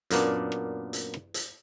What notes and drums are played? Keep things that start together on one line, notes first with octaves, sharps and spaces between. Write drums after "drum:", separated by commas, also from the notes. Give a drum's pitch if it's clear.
F#2 A#2 A#3 B3 D4, drum: hi-hat
drum: rim click
drum: hi-hat
drum: rim click
drum: hi-hat